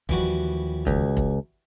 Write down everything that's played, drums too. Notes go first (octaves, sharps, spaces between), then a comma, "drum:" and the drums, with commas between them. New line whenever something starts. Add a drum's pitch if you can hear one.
D#2 E3 F3 G3 F#4, drum: kick
C#2, drum: kick
drum: kick